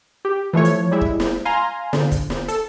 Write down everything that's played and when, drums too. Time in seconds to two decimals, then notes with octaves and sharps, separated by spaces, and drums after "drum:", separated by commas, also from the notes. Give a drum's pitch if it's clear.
0.25 G4
0.53 E3 F3 A3 C#5
0.65 drum: hi-hat
0.91 G3 G#3 E4
1.01 drum: kick
1.20 drum: snare
1.45 F5 G#5 A#5 C6
1.93 D3, drum: snare
2.12 drum: kick, hi-hat
2.30 drum: snare
2.48 A4, drum: hi-hat